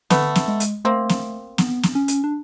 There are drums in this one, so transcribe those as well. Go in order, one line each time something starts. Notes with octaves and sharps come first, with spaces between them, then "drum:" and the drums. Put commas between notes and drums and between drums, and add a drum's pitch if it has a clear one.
D3 A3 B3, drum: snare
drum: snare
G#3
drum: hi-hat
A3 A#3 C4
drum: snare
B3, drum: snare
drum: snare
C#4
drum: hi-hat
D4